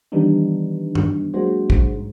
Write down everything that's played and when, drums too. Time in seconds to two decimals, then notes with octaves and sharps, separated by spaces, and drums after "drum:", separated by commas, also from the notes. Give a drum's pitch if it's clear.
0.12 D#3 E3 G3 B3 D4 D#4
0.95 drum: tom G2
1.34 F#3 G#3 A#3 D4 F#4 C5
1.70 drum: kick
1.95 G#2